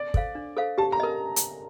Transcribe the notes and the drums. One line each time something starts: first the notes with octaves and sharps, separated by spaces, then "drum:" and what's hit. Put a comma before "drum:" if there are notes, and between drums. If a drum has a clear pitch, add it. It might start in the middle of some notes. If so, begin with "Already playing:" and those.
Already playing: D5
A4 C5 F5, drum: kick
D4
A4 C5 F5
G4 A5
A#5
A#4 D#5
drum: hi-hat